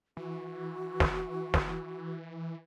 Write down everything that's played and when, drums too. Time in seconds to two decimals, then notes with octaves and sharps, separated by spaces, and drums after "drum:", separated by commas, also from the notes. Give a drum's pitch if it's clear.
0.17 E3 F#4
1.00 drum: snare
1.54 drum: snare